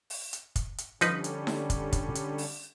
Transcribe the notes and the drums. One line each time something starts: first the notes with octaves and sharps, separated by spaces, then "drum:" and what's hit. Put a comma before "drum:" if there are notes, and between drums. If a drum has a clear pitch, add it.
drum: open hi-hat
drum: hi-hat
drum: kick, hi-hat
drum: hi-hat
D3 F3 G3 C#4 D#4 B4, drum: hi-hat
drum: hi-hat
drum: snare D#4
drum: kick, hi-hat
drum: kick, hi-hat
drum: hi-hat
drum: open hi-hat